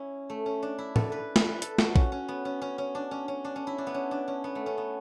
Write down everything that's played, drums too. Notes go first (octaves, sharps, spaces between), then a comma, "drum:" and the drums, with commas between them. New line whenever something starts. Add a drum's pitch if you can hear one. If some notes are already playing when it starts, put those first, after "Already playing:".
Already playing: C#4 E4
A3
C#4
D4
E4
A4, drum: tom
B4
drum: snare
B4
A4, drum: hi-hat
F#4, drum: snare
C#4, drum: kick A#1
C#4
B3
C#4
C#4
C#4
D4
C#4
C#4
D4
C#4
E4
D4
B3
C#4
D4
C#4
B3
A3
C#4
B3